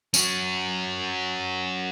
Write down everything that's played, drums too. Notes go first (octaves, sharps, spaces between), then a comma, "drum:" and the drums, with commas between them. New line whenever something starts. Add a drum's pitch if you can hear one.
C#4 F#4, drum: tambourine